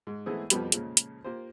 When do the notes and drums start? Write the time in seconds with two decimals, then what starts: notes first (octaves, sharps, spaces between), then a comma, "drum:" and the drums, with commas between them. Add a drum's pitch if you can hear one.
0.07 G#2
0.26 E3 G#3 A3 B3 C4 G#4
0.50 F2 B2 F3 G3 B4 B5, drum: hi-hat
0.72 A#2 C#3 F3 G#3, drum: hi-hat
0.97 drum: hi-hat
1.24 A#3 F4 G4 C5